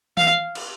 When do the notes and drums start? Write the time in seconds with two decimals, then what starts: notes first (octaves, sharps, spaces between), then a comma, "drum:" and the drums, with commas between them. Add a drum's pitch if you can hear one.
0.17 F5, drum: tom E3
0.55 drum: cymbal